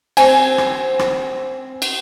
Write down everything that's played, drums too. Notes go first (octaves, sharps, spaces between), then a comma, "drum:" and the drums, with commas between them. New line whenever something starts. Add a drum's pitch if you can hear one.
C4 G#5, drum: cymbal
drum: rim click
drum: rim click
drum: cymbal